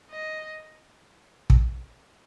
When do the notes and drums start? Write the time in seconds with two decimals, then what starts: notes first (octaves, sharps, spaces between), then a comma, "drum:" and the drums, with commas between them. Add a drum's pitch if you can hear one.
0.11 D#5
1.50 drum: kick